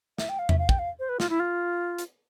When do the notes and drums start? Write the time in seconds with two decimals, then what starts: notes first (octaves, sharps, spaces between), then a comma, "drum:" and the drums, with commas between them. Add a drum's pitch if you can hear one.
0.18 E5, drum: snare
0.29 G5
0.39 F5
0.49 E5, drum: tom E2
0.59 F5
0.69 G5, drum: kick
0.79 F5
0.99 C5
1.09 B4
1.20 F4, drum: snare
1.29 E4
1.40 F4
1.98 drum: hi-hat